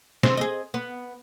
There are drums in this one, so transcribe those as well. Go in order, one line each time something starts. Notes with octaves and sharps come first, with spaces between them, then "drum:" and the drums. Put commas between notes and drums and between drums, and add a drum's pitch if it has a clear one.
C4, drum: snare
G#4 D#5
B3